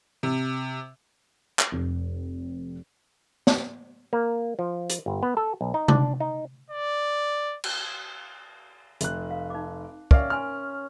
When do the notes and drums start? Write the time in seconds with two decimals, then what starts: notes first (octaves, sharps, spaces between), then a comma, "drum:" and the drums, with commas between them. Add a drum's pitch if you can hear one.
0.23 C3
1.59 drum: clap
1.72 F1
3.47 drum: snare
4.13 A#3
4.59 F3
4.90 drum: hi-hat
5.06 G1
5.23 B3
5.37 A4
5.61 B1
5.74 D#4
5.88 D4, drum: tom C3
6.20 D#4
6.70 D5
7.64 drum: cymbal
9.01 F1 F#6, drum: hi-hat
9.31 F5
9.50 D#4 D6
10.11 C#4 A#4 D5 E5 F5, drum: kick
10.30 G#5 C6 F6